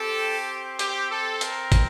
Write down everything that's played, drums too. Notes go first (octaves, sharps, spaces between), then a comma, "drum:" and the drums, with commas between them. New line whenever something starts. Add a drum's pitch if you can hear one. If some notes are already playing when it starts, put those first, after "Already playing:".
Already playing: C4 G4 A4
G4, drum: hi-hat
A4
A#4, drum: hi-hat
drum: kick, hi-hat